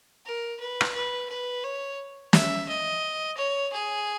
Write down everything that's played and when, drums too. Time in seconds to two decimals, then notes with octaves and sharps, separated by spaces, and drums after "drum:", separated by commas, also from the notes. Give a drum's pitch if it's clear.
0.25 A#4
0.60 B4
0.81 drum: rim click
0.94 B4
1.29 B4
1.64 C#5
2.33 E5, drum: snare
2.68 D#5
3.37 C#5
3.72 G#4